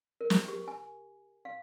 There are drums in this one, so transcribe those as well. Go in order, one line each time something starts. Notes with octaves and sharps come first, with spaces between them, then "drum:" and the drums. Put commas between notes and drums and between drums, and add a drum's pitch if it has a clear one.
A#4
drum: snare
G4
G#5
F5